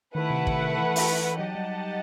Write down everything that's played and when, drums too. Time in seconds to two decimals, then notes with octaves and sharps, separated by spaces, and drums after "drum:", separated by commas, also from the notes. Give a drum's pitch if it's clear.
0.15 D#3 A3 E4 B4 F#5
0.30 C3
0.47 C3, drum: kick
0.62 D#3
0.78 E3
0.96 drum: open hi-hat
1.39 F#3 D#4 G4 D#5 F#5 A5
1.55 G3